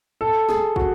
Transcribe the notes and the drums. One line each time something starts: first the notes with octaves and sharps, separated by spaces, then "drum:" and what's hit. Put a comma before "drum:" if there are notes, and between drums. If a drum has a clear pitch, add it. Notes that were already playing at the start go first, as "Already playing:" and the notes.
A4
G#4, drum: snare
F#4, drum: kick